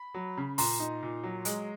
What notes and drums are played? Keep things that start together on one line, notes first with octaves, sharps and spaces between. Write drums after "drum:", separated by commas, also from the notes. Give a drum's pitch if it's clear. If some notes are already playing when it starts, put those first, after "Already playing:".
Already playing: B5
F#3
C#3
A#2 A#5 C6, drum: open hi-hat
D#4
A#2
F#3
G#3, drum: hi-hat